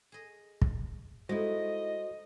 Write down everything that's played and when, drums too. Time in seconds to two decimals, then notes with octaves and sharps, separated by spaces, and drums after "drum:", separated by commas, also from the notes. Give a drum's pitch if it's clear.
0.12 G#4 D#5
0.62 drum: kick
1.29 G#3 A3 D#4 E4 F#4 C5 D#5 A#6